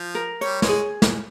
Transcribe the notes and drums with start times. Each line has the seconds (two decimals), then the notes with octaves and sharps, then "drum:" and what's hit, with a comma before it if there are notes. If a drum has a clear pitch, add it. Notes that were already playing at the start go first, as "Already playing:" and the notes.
Already playing: F3
0.15 A#4
0.41 G3 C#5, drum: hi-hat
0.62 G#3, drum: snare
0.69 G#4
1.02 drum: snare